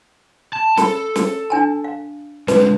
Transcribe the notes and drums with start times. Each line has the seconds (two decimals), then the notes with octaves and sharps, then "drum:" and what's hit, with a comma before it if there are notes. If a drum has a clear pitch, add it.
0.53 A5
0.77 A4 A5 B5, drum: snare
1.16 drum: snare
1.50 D4 G#5 A5
1.84 F5
2.48 D3 G#3 B4, drum: snare